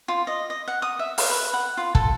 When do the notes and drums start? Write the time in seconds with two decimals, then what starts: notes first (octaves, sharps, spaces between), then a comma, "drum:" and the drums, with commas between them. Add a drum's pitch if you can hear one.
0.08 F4
0.27 D#5
0.50 D#5
0.68 F#5
0.82 D#6
0.99 E5
1.18 F5, drum: open hi-hat
1.30 B4
1.53 F#5
1.77 F4
1.95 A4, drum: kick